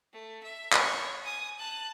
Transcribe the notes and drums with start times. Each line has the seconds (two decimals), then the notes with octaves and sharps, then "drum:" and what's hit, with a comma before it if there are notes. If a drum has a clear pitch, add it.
0.13 A3
0.43 E5
0.73 C#5 C#6, drum: clap
1.23 G#5 D#6
1.59 A5 F#6